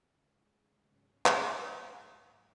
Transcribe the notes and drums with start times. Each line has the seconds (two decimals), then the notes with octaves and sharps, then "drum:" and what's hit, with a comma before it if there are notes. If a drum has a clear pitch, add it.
0.14 D#2 C#3 G#3
0.88 G#2 F#3 C#4 G#4 C#5
1.26 drum: clap
1.63 G#2 D#3 F#3 A#3 D#4